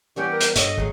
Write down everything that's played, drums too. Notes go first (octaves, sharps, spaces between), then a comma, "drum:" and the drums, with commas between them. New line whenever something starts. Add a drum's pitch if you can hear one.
E3 G3 B3 C#4 G4
A#4
drum: hi-hat
G2 A4 C#5 D#5, drum: hi-hat
G#1 F#3 G#3 A3